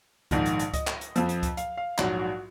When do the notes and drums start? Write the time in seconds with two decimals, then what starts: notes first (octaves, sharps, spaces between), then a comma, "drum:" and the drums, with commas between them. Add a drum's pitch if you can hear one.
0.31 A#1 G#2 D#3, drum: kick C#2, hi-hat
0.46 drum: hi-hat
0.59 drum: hi-hat
0.74 D#5, drum: kick C#2, hi-hat
0.87 drum: clap
1.01 drum: hi-hat
1.16 F2 F3, drum: hi-hat
1.29 drum: hi-hat
1.43 drum: kick C#2, hi-hat
1.57 F5, drum: hi-hat
1.77 F5
1.98 A#1 G#2 F#3 F#4, drum: clap
2.19 F#4